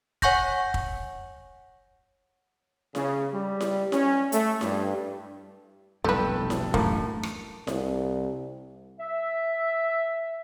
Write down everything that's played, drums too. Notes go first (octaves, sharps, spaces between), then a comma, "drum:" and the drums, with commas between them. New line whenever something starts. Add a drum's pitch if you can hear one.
C#5 F#5 G#5 C#6 G6 A#6, drum: kick
drum: kick
C#3, drum: snare E4
G3
drum: snare E4
C#4, drum: snare E4
A3, drum: hi-hat
G2, drum: snare E4
F1 B1 E2 G2 E4 G4 A4 B4
drum: snare E4
F#2 A2 E3 F#3 A#3, drum: kick
drum: rim click
C2, drum: snare E4
E5